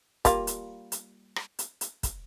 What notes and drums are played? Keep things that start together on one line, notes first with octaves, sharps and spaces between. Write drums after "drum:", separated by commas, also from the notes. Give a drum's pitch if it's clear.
G3 A#3 F4, drum: kick, hi-hat
drum: hi-hat
drum: hi-hat
drum: rim click
drum: hi-hat
drum: hi-hat
drum: kick, hi-hat